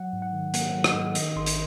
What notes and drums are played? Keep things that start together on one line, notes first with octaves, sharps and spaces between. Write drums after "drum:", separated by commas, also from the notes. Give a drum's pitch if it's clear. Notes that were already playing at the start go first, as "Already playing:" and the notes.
Already playing: F#3 F#5
G#2
F#5
D#3
A#3 F#5, drum: hi-hat
F#3
D#5, drum: rim click
G#2
D#3 D#5, drum: hi-hat
G#1 C6
drum: hi-hat